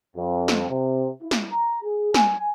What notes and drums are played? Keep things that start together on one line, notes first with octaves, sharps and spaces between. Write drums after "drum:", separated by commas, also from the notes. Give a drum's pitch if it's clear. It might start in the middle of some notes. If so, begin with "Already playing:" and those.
F2
drum: snare
C3
E4
drum: snare
A#5
G#4
G#5, drum: snare